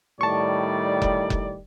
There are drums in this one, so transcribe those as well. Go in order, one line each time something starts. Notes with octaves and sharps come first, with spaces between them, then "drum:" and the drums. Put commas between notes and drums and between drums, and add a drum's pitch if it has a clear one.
A2 D#3 G3 D5 A5 C#6
drum: kick F1
drum: kick F1